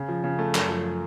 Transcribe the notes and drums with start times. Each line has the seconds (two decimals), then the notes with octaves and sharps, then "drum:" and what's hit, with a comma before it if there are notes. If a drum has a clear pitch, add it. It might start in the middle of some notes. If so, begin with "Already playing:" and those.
Already playing: C#3
0.08 F3
0.24 C#3
0.39 A3
0.55 F#2, drum: clap
0.69 F3